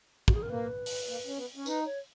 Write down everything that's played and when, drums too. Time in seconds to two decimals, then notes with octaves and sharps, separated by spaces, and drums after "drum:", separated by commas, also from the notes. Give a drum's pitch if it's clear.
0.28 F#4, drum: kick
0.34 G#4
0.43 A#4
0.50 A#3 B4
0.86 drum: open hi-hat
1.08 A#3
1.26 C#4
1.37 B3
1.56 C#4
1.66 D#4 B4, drum: tambourine
1.85 C#5